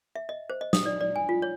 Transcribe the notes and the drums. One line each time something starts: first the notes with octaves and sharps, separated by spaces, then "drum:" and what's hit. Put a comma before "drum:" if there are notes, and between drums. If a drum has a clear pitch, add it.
E5
D#5
C5
D#5
D#6, drum: snare
D5
D5
G#5
F4
C#5